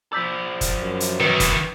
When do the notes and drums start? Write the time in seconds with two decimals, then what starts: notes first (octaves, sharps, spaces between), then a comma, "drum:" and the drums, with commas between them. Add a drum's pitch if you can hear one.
0.13 F3 D5 E6 G6 B6
0.61 drum: kick, hi-hat
0.80 F#2
1.00 drum: hi-hat
1.20 D#3 E3 B4
1.40 drum: kick, hi-hat